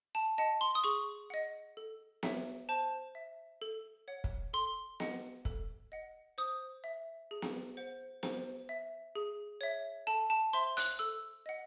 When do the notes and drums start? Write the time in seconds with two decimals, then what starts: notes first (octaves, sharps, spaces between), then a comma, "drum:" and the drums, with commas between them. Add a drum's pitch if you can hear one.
0.15 A5
0.38 D#5 F#5 A5
0.61 C6
0.75 D#6
0.84 G#4 C#6
1.30 D#5 F#5
1.77 A4
2.23 C#5 E5, drum: snare B3
2.69 C5 A5
3.15 E5
3.62 A4
4.08 C#5 F#5
4.24 drum: kick
4.53 A4 C6
5.00 D#5 F#5, drum: snare B3
5.45 A4, drum: kick
5.92 D#5 F#5
6.38 C5 D#6
6.84 E5
7.31 G#4
7.42 drum: snare B3
7.77 C5 F#5
8.23 C5, drum: snare B3
8.69 E5
9.15 G#4
9.61 C#5 E5
10.07 A4 A5
10.30 A5
10.53 C5 E5 C6
10.77 F#6, drum: hi-hat
10.99 A4 E6
11.46 D#5 F#5